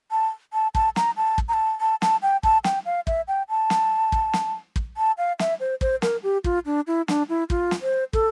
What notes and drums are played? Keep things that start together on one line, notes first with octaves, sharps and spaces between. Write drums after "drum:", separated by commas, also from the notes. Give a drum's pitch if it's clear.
A5
A5
A5, drum: kick
A#5, drum: snare
A5
drum: kick
A#5
A5
A5
A5, drum: snare
G5
A5, drum: kick
G5, drum: snare
F5
E5, drum: kick
G5
A5
drum: snare
drum: kick
drum: snare
drum: kick
A5
F5
E5, drum: snare
C5
C5, drum: kick
A#4, drum: snare
G4
F4, drum: kick
D4
E4
D4, drum: snare
E4
F4, drum: kick
drum: snare
C5
A4, drum: kick